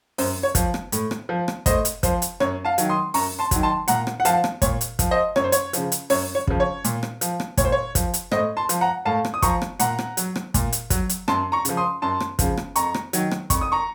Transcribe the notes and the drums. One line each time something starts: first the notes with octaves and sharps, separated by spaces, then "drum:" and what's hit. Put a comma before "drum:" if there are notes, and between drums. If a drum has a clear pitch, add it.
F#2 C5, drum: open hi-hat
C#5
F3, drum: kick, hi-hat
drum: rim click
A2, drum: hi-hat
drum: rim click
F3
drum: rim click
A2 C5 D#5, drum: kick, hi-hat
drum: hi-hat
F3 C5, drum: kick, hi-hat
drum: hi-hat
F#2 C#5, drum: rim click
F5 A5
D#3 F#3, drum: hi-hat
C6 D#6
F#2 A#5 C#6, drum: open hi-hat
A5 C6
D#3 F#3, drum: kick, hi-hat
A5 C6
A#2 F#5 A#5, drum: hi-hat
drum: rim click
F#5
F3 F5 A5, drum: hi-hat
drum: rim click
A#2 C#5, drum: kick, hi-hat
drum: hi-hat
F3, drum: kick, hi-hat
C5 D#5
F#2 C#5, drum: rim click
C5
C#5, drum: hi-hat
C#3 F3, drum: hi-hat
drum: hi-hat
F#2 C#5, drum: open hi-hat
C#5
C#3 F3, drum: kick
C#5
A#2, drum: hi-hat
drum: rim click
F3, drum: hi-hat
drum: rim click
A#2 C#5, drum: kick, hi-hat
C5
C#5
F3, drum: kick, hi-hat
drum: hi-hat
A2 C5 D#5, drum: rim click
A5 C6
F3, drum: hi-hat
F#5 A#5
A2 F5 A5
drum: rim click
D#6
F3 A#5 C#6, drum: kick, hi-hat
drum: rim click
A#2 F#5 A#5, drum: hi-hat
drum: rim click
F#3, drum: hi-hat
drum: rim click
A#2, drum: kick, hi-hat
drum: hi-hat
F#3, drum: kick, hi-hat
drum: hi-hat
F#2 A5 C6, drum: rim click
A#5 C#6
C#3 F3, drum: hi-hat
C6 D#6
F#2 A5 C6
drum: rim click
C#3 F3, drum: kick, hi-hat
drum: rim click
F2 A#5 C#6, drum: hi-hat
drum: rim click
D#3 F#3, drum: hi-hat
drum: rim click
F2 C#6, drum: kick, hi-hat
D#6
A#5 C#6